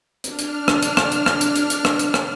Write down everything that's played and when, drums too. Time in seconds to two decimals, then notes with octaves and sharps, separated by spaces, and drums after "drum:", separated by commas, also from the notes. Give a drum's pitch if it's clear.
0.24 D4 F6, drum: hi-hat
0.39 drum: hi-hat
0.68 drum: rim click
0.83 drum: hi-hat
0.97 drum: rim click
1.12 drum: hi-hat
1.26 drum: rim click
1.41 drum: hi-hat
1.56 drum: hi-hat
1.70 drum: hi-hat
1.85 drum: rim click
1.99 drum: hi-hat
2.14 drum: rim click